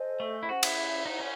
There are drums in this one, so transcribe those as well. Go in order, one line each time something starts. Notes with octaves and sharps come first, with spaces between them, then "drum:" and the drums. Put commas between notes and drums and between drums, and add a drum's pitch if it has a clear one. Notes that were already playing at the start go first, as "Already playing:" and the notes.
Already playing: A4 C5 D#5 G#5
A3
E4
C#4 F#4 G#4 C5 F#5
E4, drum: cymbal
D#4 E4 C5 F#5
C#4